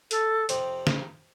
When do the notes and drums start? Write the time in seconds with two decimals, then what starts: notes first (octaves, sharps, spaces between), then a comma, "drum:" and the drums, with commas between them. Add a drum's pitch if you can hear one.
0.11 A4, drum: hi-hat
0.49 F2 C3 F3 C4 G4, drum: hi-hat
0.87 drum: snare